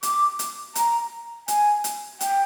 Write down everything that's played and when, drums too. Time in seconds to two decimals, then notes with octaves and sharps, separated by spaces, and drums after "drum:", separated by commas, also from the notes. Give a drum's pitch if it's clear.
0.03 D6, drum: hi-hat
0.39 drum: hi-hat
0.75 A#5, drum: hi-hat
1.48 G#5, drum: hi-hat
1.84 drum: hi-hat
2.20 G5, drum: hi-hat